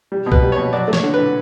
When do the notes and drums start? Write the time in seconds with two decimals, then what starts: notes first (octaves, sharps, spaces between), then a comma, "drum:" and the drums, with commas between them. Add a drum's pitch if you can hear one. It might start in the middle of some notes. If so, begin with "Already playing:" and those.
0.12 G3
0.26 B2
0.32 B4, drum: kick B1
0.42 G3
0.52 B2 C#5
0.73 F#3 D5
0.88 A3
0.93 C#5, drum: snare
1.04 D3
1.14 D3 B4